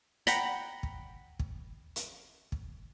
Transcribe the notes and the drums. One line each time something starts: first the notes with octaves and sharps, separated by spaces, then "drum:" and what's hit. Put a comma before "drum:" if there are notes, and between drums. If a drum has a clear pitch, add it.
F#5 G5 A#5 B5, drum: hi-hat
drum: kick
drum: kick
drum: hi-hat
drum: kick